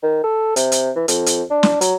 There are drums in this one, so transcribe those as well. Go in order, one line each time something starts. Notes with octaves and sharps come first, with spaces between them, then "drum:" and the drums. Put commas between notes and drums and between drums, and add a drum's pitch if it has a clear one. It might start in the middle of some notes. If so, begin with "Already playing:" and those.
D#3
A4
C3, drum: hi-hat
drum: hi-hat
E3
F2, drum: hi-hat
drum: hi-hat
D4
drum: snare
F#3, drum: hi-hat